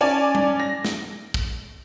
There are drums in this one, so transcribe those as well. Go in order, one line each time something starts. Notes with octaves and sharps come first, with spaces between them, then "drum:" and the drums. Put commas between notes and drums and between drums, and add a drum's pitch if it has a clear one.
C#4 D5 G#5 A5
drum: tom G3
A#6
drum: snare
drum: kick